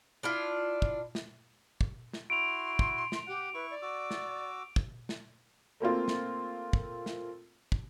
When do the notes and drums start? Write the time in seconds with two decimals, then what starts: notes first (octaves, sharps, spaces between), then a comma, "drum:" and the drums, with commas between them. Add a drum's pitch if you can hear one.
0.23 D4 E4 F4
0.82 drum: kick
1.15 drum: snare
1.81 drum: kick
2.13 drum: snare
2.30 E4 F#4 C6 D7 F7
2.79 drum: kick
3.12 drum: snare
3.27 G4 F#5
3.54 E4 B4 C#6
3.70 D5
3.82 F#4 D6 E6
4.11 drum: snare
4.76 drum: kick
5.09 drum: snare
5.80 A3 A#3 C4 F4
6.08 drum: snare
6.73 drum: kick
7.06 drum: snare
7.72 drum: kick